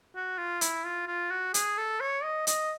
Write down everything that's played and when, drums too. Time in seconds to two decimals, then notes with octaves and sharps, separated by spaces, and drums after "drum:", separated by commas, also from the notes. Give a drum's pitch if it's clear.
0.15 F#4
0.38 F4
0.61 E4, drum: hi-hat
0.85 F4
1.07 F4
1.31 F#4
1.54 G#4, drum: hi-hat
1.78 A4
2.01 C#5
2.23 D#5
2.47 D#5, drum: hi-hat